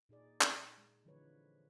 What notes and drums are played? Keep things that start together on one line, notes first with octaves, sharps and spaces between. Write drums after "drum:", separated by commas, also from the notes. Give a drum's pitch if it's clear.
A#2 D#4 G#4 D5
drum: clap
G#3
D3 E3 F3 G#3 B4 C#5